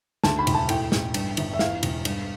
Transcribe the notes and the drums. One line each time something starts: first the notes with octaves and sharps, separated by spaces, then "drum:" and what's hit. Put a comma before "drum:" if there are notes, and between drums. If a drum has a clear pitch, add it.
D2 A5, drum: snare
B5
E1, drum: cymbal
A5
A2 G5, drum: cymbal
A1, drum: snare
G2, drum: cymbal
G1, drum: cymbal
E5
E2 F5, drum: snare
E1, drum: cymbal
G2, drum: cymbal